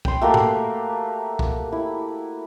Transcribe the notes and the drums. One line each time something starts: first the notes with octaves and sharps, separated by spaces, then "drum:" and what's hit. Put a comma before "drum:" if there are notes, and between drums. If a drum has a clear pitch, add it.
G5 C6, drum: kick
A3 A#3 F#4 G4
drum: tom G#2
drum: kick
E4